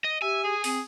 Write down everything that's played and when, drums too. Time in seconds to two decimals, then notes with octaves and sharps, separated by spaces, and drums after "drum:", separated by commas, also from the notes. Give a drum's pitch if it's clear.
0.04 D#5
0.22 G4 E5 G#5
0.44 G#4
0.64 C4 G#4, drum: open hi-hat